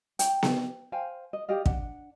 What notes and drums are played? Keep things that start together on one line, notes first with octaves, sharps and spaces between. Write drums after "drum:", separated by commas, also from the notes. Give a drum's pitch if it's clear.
G5, drum: hi-hat
drum: snare B3
C5 F5 G5 G#5
D#5
G4 D5 D#5 F5
D4 F#5, drum: kick